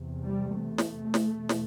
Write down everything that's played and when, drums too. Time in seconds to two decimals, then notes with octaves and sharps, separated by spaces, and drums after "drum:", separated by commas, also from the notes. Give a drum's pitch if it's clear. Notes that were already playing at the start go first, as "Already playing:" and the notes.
Already playing: E2 C3
0.25 G3
0.60 A3
0.78 drum: snare
1.14 drum: snare
1.32 E2 B2
1.49 drum: snare